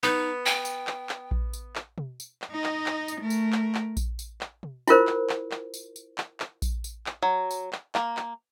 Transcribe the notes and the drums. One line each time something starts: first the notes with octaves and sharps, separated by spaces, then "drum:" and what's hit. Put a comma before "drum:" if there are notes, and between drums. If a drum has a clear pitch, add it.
B3 D#4
G5
drum: tambourine
drum: clap
drum: clap
drum: kick A#1
drum: tambourine
drum: clap
drum: tom B2
drum: tambourine
drum: clap
D#4 D#5
drum: clap
drum: clap
drum: tambourine
A3 A#4
drum: tambourine
drum: clap
drum: clap
drum: kick A#1, tambourine
drum: tambourine
drum: clap
drum: tom
E4 F4 A#4 C5, drum: tambourine
drum: clap
drum: clap
drum: clap
drum: tambourine
drum: tambourine
drum: clap
drum: clap
drum: kick A#1, tambourine
drum: tambourine
drum: clap
F#3
drum: tambourine
drum: clap
A#3, drum: clap
drum: clap